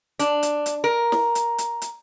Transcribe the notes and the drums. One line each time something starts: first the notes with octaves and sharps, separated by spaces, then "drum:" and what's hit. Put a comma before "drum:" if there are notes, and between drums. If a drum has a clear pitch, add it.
D4, drum: hi-hat
drum: hi-hat
drum: hi-hat
A#4
drum: snare
drum: hi-hat
drum: hi-hat
drum: hi-hat